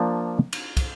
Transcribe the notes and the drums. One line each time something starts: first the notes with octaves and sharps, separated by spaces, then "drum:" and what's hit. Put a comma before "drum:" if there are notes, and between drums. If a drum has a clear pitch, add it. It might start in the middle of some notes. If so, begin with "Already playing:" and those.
Already playing: F3 A#3 D4
drum: cymbal
drum: kick, cymbal